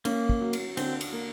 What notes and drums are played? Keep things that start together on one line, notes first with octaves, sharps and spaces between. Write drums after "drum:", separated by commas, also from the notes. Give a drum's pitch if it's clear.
A#3 C#4, drum: cymbal
drum: kick
F#3
drum: cymbal
D3 C4, drum: cymbal
drum: cymbal
A#3